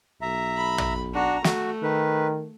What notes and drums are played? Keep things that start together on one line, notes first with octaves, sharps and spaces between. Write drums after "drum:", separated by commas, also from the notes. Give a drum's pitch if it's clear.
B1 E5 A#5
B5
drum: tom
D4 F#4 A#5
A3 F#4, drum: snare
D#3 B4